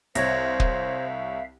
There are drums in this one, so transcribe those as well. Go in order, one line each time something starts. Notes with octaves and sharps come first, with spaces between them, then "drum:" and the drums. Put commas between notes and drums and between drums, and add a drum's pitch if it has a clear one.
C2 C5 C#5 E5 F5 G#6 A#6, drum: hi-hat
drum: kick